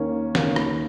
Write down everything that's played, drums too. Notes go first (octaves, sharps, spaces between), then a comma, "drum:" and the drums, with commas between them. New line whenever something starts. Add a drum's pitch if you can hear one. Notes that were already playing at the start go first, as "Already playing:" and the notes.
Already playing: D#2 D#3 A#3 C#4
D#2 D#3 A#3 C#4, drum: snare
drum: rim click